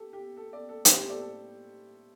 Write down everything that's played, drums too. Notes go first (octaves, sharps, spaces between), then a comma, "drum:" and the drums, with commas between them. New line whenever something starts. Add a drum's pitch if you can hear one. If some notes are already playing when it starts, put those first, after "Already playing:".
Already playing: G4 A4
G4
A4
A4 D5
A4
A2 G3 C4 A4, drum: hi-hat
G4 C5
A4 D5
A4